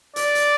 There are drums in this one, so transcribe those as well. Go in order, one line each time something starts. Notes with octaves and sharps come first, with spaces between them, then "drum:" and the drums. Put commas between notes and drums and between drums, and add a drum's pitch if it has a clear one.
D5, drum: hi-hat
drum: hi-hat